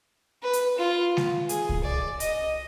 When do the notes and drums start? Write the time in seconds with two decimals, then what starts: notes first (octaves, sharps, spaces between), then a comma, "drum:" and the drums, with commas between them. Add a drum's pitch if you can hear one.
0.43 B4
0.53 drum: hi-hat
0.78 F4
1.17 drum: snare G#3
1.49 G#4, drum: hi-hat
1.69 drum: kick C2
1.84 D5
2.20 D#5, drum: hi-hat